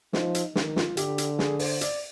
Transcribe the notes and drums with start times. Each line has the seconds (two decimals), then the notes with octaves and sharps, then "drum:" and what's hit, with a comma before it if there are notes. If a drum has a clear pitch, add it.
0.13 F3 D#4, drum: snare
0.35 drum: hi-hat
0.55 D#3, drum: snare
0.76 F4, drum: snare
0.97 D3 G4, drum: hi-hat
1.18 drum: hi-hat
1.39 G#4, drum: snare
1.59 C5, drum: open hi-hat
1.81 D5, drum: hi-hat